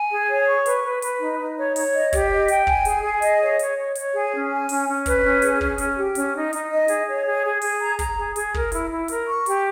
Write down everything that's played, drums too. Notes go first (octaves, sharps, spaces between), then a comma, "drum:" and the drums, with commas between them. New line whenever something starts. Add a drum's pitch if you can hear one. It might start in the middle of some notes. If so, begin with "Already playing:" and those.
Already playing: G#5
G#4
C#5
C#6
B4, drum: hi-hat
B4
B4, drum: hi-hat
D#4
D#4
C#5
C#5, drum: open hi-hat
D#5
G4, drum: kick, hi-hat
D#5
G5, drum: hi-hat
G#5, drum: kick
G#4, drum: hi-hat
G#4
D#5, drum: hi-hat
C#5
C#5, drum: hi-hat
C#5
C#5, drum: hi-hat
G#4
C#4
G#5
C#4, drum: open hi-hat
C#4
B4, drum: kick, hi-hat
C#4
G#4, drum: hi-hat
C#4, drum: kick
C#4, drum: hi-hat
G4
C#4, drum: hi-hat
D#4
D#4, drum: hi-hat
D#5
G#4, drum: hi-hat
C#5
G#4
G#4
G#4, drum: open hi-hat
A#5
A#5, drum: kick, hi-hat
G#4
G#4, drum: hi-hat
A#4, drum: kick
E4, drum: hi-hat
E4
A#4, drum: hi-hat
C#6
G4, drum: hi-hat